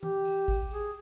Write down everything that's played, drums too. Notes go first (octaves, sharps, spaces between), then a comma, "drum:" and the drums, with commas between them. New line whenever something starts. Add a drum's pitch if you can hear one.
G4, drum: tom E3
drum: tambourine
drum: kick, tambourine
G#4, drum: tambourine